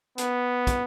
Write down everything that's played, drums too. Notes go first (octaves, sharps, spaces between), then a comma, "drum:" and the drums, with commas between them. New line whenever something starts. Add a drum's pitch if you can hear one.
B3, drum: hi-hat
drum: kick, hi-hat